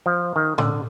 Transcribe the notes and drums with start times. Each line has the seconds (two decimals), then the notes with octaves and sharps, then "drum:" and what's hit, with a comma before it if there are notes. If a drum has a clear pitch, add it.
0.06 F3
0.36 D#3
0.58 D3, drum: tom A2